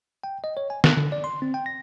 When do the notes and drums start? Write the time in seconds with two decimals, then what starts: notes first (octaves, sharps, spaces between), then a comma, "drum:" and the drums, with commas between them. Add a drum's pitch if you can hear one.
0.24 G5
0.44 D#5
0.57 C#5
0.70 G#5
0.84 F#6, drum: snare
0.97 D3
1.12 D5
1.24 C6
1.42 C4
1.54 G5
1.66 A#6